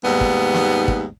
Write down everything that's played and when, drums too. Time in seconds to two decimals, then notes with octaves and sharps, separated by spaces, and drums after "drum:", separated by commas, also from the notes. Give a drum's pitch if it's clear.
0.04 D#2 G#2 G3 B3
0.21 drum: kick
0.54 drum: snare
0.88 drum: kick